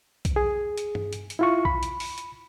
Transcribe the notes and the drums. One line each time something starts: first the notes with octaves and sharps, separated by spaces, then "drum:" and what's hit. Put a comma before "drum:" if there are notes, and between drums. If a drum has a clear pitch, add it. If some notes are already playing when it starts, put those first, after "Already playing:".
drum: kick, hi-hat
G#4
drum: hi-hat
drum: tom G2
drum: hi-hat
drum: hi-hat
E4 F4 C#6
B5, drum: kick
drum: hi-hat
drum: open hi-hat
drum: hi-hat